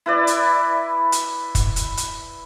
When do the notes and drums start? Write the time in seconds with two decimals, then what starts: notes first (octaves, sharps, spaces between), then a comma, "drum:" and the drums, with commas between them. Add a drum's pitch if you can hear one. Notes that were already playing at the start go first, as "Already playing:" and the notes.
0.06 E4 B4 D5
0.27 drum: hi-hat
1.12 drum: hi-hat
1.55 drum: kick, hi-hat
1.76 drum: hi-hat
1.97 drum: hi-hat